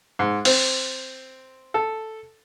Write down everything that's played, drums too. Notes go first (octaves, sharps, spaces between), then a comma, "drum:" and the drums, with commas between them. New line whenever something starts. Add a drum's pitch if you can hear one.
G#2
C4, drum: open hi-hat
A4